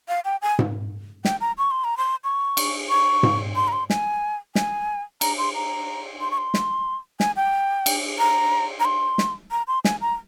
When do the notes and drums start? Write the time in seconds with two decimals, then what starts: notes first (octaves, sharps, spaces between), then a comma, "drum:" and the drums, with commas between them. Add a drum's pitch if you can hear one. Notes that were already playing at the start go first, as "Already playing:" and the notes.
0.08 F5
0.25 G5
0.42 G#5
0.59 drum: tom G#2
1.25 G5, drum: snare
1.41 A#5
1.58 C#6
1.71 C6
1.84 A#5
1.97 C6
2.24 C#6
2.57 drum: cymbal
2.89 C#6
3.23 drum: tom G#2
3.56 C6
3.68 A#5
3.73 C6
3.90 G#5, drum: snare
4.55 G#5, drum: snare
5.21 A#5, drum: cymbal
5.38 C6
5.55 A#5
6.21 C6
6.31 C#6
6.38 C6
6.54 drum: snare
7.20 G#5, drum: snare
7.36 G5
7.86 drum: cymbal
8.19 A#5
8.80 A#5
8.85 C6
9.18 drum: snare
9.51 A#5
9.67 C6
9.85 G#5, drum: snare
10.01 A#5